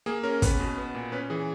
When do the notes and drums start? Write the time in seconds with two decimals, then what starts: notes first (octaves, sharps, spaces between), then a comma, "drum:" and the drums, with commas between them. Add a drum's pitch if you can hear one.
0.06 A#3 G#4
0.23 C#4 A#4
0.42 B3 B4, drum: kick, hi-hat
0.60 B2
0.78 B3
0.95 A#2
1.12 C#4 B4
1.30 E3 G#4